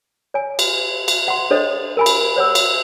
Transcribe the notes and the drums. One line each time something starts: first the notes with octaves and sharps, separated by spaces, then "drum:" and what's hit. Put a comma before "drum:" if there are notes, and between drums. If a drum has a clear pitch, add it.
C#5 G#5
drum: cymbal
drum: cymbal
F#5 C6
D4 A4 C5 C#5 D#5
A#4 G#5 B5
drum: cymbal
C5 C#5 F#5 E6
drum: cymbal